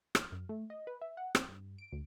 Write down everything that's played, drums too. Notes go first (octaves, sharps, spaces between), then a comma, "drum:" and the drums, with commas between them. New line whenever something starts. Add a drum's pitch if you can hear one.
F6, drum: rim click
F#2
A3
D#5
B4
E5
F#5
C4, drum: rim click
G2
D7
D2